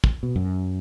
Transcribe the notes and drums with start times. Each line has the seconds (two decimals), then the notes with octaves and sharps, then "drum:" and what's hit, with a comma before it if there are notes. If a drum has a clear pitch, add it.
0.04 drum: kick
0.23 B2
0.36 F#2